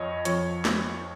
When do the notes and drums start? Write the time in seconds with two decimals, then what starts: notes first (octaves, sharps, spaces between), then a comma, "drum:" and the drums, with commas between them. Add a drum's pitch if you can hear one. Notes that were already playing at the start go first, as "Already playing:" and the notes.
Already playing: F2 F3 C#5 D#5
0.25 F2 F3 C#5, drum: hi-hat
0.65 drum: snare